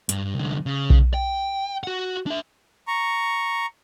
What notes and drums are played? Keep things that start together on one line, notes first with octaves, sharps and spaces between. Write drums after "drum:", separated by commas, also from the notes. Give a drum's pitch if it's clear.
G2, drum: hi-hat
C2 D3
C#3
drum: kick B1
G5
F#4 F#5
D4 E5
A#5 C#6